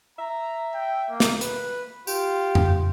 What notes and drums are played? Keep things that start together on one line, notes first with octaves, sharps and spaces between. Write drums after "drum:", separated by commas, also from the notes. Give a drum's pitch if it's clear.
E5 A#5
G5
A#3
drum: snare
B4, drum: hi-hat
F4 G4, drum: tambourine
drum: tom F2